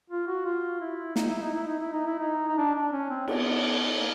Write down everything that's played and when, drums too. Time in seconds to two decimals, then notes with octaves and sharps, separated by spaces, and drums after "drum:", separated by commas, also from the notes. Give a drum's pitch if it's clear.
0.10 F4
0.27 F#4
0.45 F4
0.81 E4
1.16 D#4, drum: snare
1.29 E4
1.42 D#4
1.55 E4
1.68 D#4
1.80 E4
1.93 D#4
2.06 E4
2.19 D#4
2.48 D#4
2.58 D4
2.75 D4
2.93 C#4
3.10 C4
3.28 B3, drum: cymbal
3.98 A#3